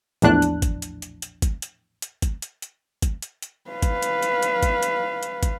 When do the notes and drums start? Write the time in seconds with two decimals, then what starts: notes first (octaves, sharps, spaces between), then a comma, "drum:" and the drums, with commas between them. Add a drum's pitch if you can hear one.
0.22 A#1 E2 A2 D4 F#6, drum: hi-hat
0.42 drum: hi-hat
0.62 drum: kick, hi-hat
0.82 drum: hi-hat
1.02 drum: hi-hat
1.22 drum: hi-hat
1.42 drum: kick, hi-hat
1.62 drum: hi-hat
2.02 drum: hi-hat
2.22 drum: kick, hi-hat
2.42 drum: hi-hat
2.62 drum: hi-hat
3.02 drum: kick, hi-hat
3.22 drum: hi-hat
3.42 drum: hi-hat
3.71 B4 F5
3.82 drum: kick, hi-hat
4.02 drum: hi-hat
4.23 drum: hi-hat
4.43 drum: hi-hat
4.63 drum: kick, hi-hat
4.83 drum: hi-hat
5.23 drum: hi-hat
5.43 drum: kick, hi-hat